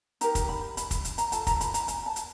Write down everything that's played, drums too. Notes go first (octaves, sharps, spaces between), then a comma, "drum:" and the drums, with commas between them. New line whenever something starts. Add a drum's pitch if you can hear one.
D#4 G4 A#4 A#5, drum: hi-hat
drum: kick, hi-hat
B5
B5, drum: hi-hat
drum: kick, hi-hat
drum: hi-hat
A#5, drum: hi-hat
F4 A4 A5, drum: hi-hat
A#5, drum: kick, hi-hat
B5, drum: hi-hat
A#5, drum: hi-hat
G#5, drum: hi-hat
A5
drum: hi-hat